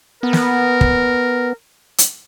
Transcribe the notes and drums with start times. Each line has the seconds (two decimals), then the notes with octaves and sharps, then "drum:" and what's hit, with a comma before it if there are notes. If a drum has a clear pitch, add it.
0.23 B3 A#4
0.33 drum: snare
0.81 drum: kick
1.98 drum: hi-hat